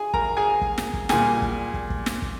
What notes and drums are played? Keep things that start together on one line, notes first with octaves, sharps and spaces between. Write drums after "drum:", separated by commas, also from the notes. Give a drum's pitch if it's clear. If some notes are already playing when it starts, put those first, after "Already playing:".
Already playing: G#4 G#5
A#4 A#5, drum: kick
G#4 G#5
drum: kick
drum: snare
drum: kick
A#2 G3 G#4 G#5, drum: snare
drum: kick
drum: kick
drum: kick
drum: snare
drum: kick